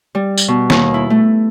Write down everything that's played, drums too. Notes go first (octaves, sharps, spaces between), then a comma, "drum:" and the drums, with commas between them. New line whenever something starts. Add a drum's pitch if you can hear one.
G3
drum: tambourine
B2
D#2, drum: snare
E4
A3